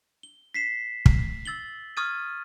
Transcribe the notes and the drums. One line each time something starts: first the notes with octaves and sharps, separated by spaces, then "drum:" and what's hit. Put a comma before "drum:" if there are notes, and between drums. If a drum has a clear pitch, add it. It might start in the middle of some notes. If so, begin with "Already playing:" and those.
G7
B6 C7 E7
drum: kick
E6 A6 F#7 G7
C#6 D#6 F6 G#6 A6 D#7